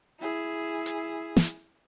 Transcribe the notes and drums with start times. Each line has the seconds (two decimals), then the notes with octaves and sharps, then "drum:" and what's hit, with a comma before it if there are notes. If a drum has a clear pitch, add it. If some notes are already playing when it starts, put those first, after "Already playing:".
0.20 E4 G#4
0.86 drum: hi-hat
1.36 drum: snare